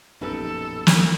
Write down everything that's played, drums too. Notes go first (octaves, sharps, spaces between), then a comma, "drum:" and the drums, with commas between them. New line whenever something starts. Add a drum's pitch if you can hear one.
A#1 F#2 B2 D#4 G4 A4 B4
drum: snare